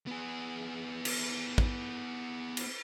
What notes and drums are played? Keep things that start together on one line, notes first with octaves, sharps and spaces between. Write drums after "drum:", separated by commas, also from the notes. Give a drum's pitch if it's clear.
B3 G#4
drum: cymbal
drum: kick
drum: cymbal